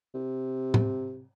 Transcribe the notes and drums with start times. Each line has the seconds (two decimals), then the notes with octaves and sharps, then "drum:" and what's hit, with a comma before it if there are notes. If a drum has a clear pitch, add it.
0.14 C3
0.74 drum: tom A2